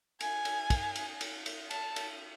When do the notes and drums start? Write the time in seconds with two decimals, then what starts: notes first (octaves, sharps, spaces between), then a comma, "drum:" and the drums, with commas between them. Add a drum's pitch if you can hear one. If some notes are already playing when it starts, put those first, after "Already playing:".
0.21 G#5, drum: cymbal
0.45 drum: cymbal
0.70 drum: kick, cymbal
0.95 drum: cymbal
1.21 drum: cymbal
1.46 drum: cymbal
1.71 A5, drum: cymbal
1.96 drum: cymbal